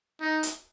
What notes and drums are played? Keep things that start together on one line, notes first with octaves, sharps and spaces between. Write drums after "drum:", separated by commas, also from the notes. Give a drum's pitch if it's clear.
D#4
drum: hi-hat